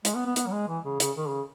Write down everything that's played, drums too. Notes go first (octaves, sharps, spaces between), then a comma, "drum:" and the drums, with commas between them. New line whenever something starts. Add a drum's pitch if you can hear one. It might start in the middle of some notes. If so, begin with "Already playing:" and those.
G#3, drum: hi-hat
B3
B3
B3, drum: hi-hat
F#3
G#3
E3
C#3
C#3, drum: hi-hat
D#3
C#3